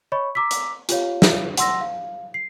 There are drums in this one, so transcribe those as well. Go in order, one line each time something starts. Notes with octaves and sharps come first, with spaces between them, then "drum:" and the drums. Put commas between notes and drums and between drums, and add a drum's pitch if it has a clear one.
C#5 D#5 B5 C#6
A#5 D6 E6 B6
drum: hi-hat
F4 G4 C#5 F5, drum: hi-hat
drum: snare
F#5 C6 E6 A#6, drum: hi-hat
F5
C7